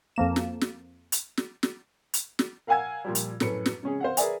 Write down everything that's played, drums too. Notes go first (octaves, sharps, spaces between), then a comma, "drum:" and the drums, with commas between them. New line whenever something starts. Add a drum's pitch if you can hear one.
F2 F3 A#3 E7
drum: snare
drum: snare
drum: hi-hat
drum: snare
drum: snare
drum: hi-hat
drum: snare
A#4 F5 F#5 G#5 E6 G#6
A#2 F3 G3
drum: hi-hat
F#2 A2 C#4 B4 C#7, drum: snare
drum: snare
C#3 G#3 C#4 G#4
C5 F5 F#5
G#4 A#4 B4 D5 E5 G#5, drum: hi-hat